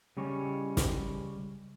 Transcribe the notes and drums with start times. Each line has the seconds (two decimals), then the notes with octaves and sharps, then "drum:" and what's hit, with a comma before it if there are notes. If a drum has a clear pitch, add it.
0.17 C#3 G3 C#4 C#5 D#5
0.77 drum: snare